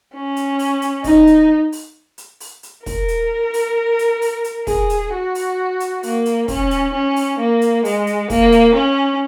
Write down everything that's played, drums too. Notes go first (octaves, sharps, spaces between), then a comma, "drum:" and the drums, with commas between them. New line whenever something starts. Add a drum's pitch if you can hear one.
C#4
drum: hi-hat
drum: open hi-hat
drum: hi-hat
D#4, drum: kick, open hi-hat
drum: hi-hat
drum: open hi-hat
drum: hi-hat
drum: open hi-hat
drum: hi-hat
A#4, drum: kick, open hi-hat
drum: hi-hat
drum: open hi-hat
drum: hi-hat
drum: open hi-hat
drum: hi-hat
G#4, drum: kick, open hi-hat
drum: hi-hat
F#4
drum: open hi-hat
drum: hi-hat
A#3, drum: open hi-hat
drum: hi-hat
C#4, drum: kick, open hi-hat
drum: hi-hat
C#4
drum: open hi-hat
A#3
drum: hi-hat
G#3, drum: open hi-hat
drum: hi-hat
A#3, drum: kick, open hi-hat
drum: hi-hat
C#4